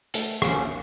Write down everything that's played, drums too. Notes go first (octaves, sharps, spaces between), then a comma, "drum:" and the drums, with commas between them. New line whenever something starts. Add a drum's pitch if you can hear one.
A3, drum: hi-hat
D#2 D3 F3 A3 A#3 C#4, drum: rim click